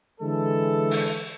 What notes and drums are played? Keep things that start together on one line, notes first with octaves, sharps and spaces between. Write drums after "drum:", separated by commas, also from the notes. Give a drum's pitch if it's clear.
D3 E3 G#3 A4
drum: open hi-hat